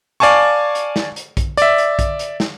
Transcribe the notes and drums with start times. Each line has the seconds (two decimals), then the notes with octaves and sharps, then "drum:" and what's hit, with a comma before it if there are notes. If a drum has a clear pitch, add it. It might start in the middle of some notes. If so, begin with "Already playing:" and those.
0.20 D5 F5 G#5 A5 C#6
0.75 drum: hi-hat
0.96 drum: snare
1.16 drum: hi-hat
1.37 drum: kick, hi-hat
1.57 D5 E5, drum: hi-hat
1.78 drum: hi-hat
1.99 drum: kick, hi-hat
2.19 drum: hi-hat
2.40 drum: snare